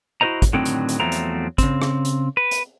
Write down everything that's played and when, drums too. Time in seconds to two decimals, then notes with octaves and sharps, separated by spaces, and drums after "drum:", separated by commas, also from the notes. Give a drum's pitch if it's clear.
0.21 E4 F#4 A#4 C5 D#5 A#5
0.42 drum: kick, hi-hat
0.53 A2 D3 D#3 F#3 C4 G5
0.65 drum: hi-hat
0.89 drum: hi-hat
1.00 E2 F3 F#3 A3 C4 A#5
1.12 drum: hi-hat
1.58 C#3 C4, drum: kick, hi-hat
1.82 drum: rim click
2.05 drum: hi-hat
2.37 B4
2.51 drum: hi-hat